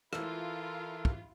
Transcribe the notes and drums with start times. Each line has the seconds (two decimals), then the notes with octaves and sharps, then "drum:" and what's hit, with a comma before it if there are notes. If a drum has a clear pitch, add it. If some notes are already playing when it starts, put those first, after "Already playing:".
0.13 E3 E4 F4 A4 A#4 E6, drum: rim click
1.05 drum: kick